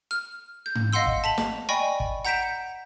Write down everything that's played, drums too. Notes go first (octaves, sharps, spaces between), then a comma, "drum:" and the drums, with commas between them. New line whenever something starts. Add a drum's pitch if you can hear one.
F6
G6
drum: tom G#2
D#5 F5 F#5 C6 E6
drum: kick
A5 B6 F7 F#7
drum: snare
D5 D#5 G5 G#5 B5 C#6
drum: kick
F#5 A#5 G6 B6 D7 E7